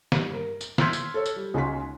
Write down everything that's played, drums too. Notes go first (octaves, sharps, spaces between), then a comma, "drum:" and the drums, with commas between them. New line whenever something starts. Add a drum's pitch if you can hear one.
G2, drum: snare
A#4
drum: tambourine
C6 E6 F6 G6 G#6 B6, drum: snare
drum: tambourine
A4 C#5
drum: tambourine
G3
C#2 C#4 D#4 F#4 C6 B6